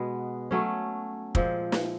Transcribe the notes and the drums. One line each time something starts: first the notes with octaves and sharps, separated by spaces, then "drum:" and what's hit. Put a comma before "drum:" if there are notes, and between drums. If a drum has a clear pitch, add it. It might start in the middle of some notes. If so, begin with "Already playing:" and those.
Already playing: B2 G#3 B3
F#3 A3 C#4
A#2 F3 G#3 C4, drum: kick
drum: snare